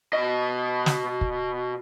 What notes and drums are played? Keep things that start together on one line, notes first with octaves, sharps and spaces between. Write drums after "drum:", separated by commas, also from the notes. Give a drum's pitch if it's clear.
B2 D#5
drum: snare
drum: kick